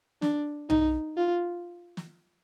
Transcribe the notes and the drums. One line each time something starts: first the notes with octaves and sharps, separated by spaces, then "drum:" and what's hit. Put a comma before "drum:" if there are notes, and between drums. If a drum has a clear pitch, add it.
D4, drum: snare
D#4, drum: tom B1
F4
drum: snare